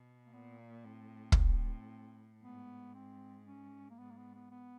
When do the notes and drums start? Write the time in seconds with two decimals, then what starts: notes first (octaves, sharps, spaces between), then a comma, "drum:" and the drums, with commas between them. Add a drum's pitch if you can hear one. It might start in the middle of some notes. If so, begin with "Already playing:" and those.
Already playing: B2
0.26 A#3
0.32 A#2 B3
0.59 A#3
0.85 A2 C4
1.32 C#4, drum: kick
1.37 C4
2.42 G#2 B3
2.94 C4
3.47 C#4
3.90 A#3
3.99 G#2 B3
4.11 A#3
4.17 B3
4.35 B3
4.51 B3